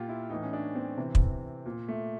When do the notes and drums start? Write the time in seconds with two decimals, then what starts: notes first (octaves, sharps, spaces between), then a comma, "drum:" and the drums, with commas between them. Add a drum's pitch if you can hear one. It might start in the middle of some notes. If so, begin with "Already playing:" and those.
Already playing: A#2 F4 G4
0.09 E4
0.30 A2 E3 D#4
0.43 C#4
0.53 D4
0.75 C4
0.97 C3 E3
1.15 drum: kick
1.66 A#2
1.88 A3